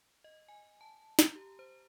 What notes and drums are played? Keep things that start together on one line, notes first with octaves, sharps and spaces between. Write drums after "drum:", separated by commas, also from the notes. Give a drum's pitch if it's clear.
D#5
G#5
A5
A#5, drum: snare
G4
C5